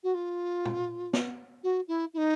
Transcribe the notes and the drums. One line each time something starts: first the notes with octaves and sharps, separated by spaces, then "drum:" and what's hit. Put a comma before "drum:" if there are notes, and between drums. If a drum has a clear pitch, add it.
F#4
F4
drum: tom
drum: snare
F#4
E4
E4
D#4